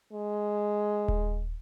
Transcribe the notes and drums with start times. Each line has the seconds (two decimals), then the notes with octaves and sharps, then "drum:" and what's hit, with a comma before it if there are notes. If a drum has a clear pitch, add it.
0.13 G#3
1.08 drum: kick D#1